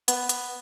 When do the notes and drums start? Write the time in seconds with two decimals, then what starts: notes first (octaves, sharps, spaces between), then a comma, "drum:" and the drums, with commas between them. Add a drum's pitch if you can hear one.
0.08 B3, drum: hi-hat
0.29 drum: hi-hat